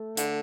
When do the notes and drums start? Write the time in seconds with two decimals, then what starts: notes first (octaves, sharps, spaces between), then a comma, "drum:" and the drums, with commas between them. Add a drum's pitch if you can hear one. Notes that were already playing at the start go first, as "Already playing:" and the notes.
Already playing: A3
0.17 D3, drum: hi-hat